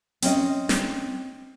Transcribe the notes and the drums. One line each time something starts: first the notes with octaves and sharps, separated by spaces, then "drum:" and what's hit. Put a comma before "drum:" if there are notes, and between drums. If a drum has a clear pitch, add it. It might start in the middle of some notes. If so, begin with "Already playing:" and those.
C4 C#4 D#5, drum: hi-hat
drum: snare